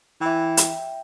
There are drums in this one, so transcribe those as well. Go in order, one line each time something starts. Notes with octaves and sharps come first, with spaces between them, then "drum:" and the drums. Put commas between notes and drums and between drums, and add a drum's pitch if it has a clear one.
E3 E5 G5
drum: hi-hat